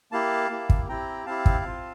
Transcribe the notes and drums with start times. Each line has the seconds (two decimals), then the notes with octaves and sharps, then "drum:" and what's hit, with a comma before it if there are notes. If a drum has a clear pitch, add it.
0.12 A#3 E4 G4 F5 A5
0.50 A#3 E4 G4
0.70 drum: kick
0.88 C4 E4 G4 G5 A#5
1.26 C4 E4 G4 F5 A5
1.46 drum: kick
1.65 C4 F4